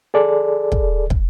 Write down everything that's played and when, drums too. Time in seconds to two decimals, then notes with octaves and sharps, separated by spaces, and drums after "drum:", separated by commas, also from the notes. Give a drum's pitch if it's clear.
0.14 G#4 A4 D5
0.72 drum: kick
1.10 drum: kick